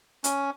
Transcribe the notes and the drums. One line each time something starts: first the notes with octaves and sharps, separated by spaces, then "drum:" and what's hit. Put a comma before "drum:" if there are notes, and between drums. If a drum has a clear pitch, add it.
C#4, drum: hi-hat